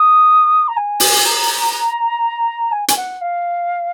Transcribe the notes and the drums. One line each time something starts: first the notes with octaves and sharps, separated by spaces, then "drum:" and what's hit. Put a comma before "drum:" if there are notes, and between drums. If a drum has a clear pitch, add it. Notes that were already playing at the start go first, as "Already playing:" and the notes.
Already playing: D#6
A#5
G#5
drum: open hi-hat
A#5
G#5
G#5, drum: hi-hat
F#5
F5